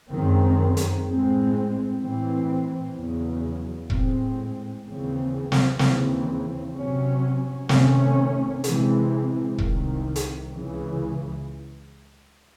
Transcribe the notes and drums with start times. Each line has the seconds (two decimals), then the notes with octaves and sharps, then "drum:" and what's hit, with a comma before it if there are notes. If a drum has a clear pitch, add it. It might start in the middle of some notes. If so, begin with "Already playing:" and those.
0.11 F#2 D#3 G#3 C4
0.77 drum: hi-hat
1.06 A2 G#3 C4
2.00 A2 E3 C4
2.95 E2 C#3 F#3
3.90 A2 G#3 C4, drum: kick
4.84 D#2 C#3 E3 C4
5.52 drum: snare
5.79 D#2 C#3 E3 C4, drum: snare
6.73 C3 F#3 C#4
7.69 C3 D#3 A3 C#4, drum: snare
8.64 C3 E3 G#3 C4, drum: hi-hat
9.58 C2 C3 D#3, drum: kick
10.16 drum: hi-hat
10.53 C#2 C#3 E3